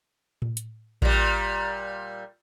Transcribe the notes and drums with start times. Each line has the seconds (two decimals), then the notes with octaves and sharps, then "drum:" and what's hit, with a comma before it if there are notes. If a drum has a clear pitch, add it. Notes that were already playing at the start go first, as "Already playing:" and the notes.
0.42 drum: tom A2
0.57 drum: hi-hat
1.02 A#2 G3, drum: kick A1